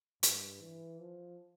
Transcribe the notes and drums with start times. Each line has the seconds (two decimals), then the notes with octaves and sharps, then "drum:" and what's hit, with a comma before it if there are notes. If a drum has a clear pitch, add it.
0.23 G2, drum: hi-hat
0.61 E3
0.99 F3